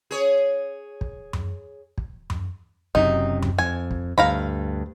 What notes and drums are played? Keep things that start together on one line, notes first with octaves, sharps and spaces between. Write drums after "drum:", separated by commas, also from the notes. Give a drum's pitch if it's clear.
G#4 C#5
drum: kick
drum: tom F#2
drum: kick
drum: tom F#2
F#1 F#2 C3 D#4, drum: kick
drum: tom F#2
F2 G#5
drum: kick
D2 G2 F5 A#5 B5